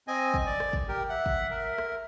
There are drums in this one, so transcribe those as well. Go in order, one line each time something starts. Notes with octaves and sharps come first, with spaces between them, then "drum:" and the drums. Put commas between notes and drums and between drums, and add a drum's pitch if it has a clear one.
C4 D#5 G#5
drum: kick
D5
drum: rim click
drum: kick
G4 A#4 G5
E5 F#5
drum: kick
A#4
drum: rim click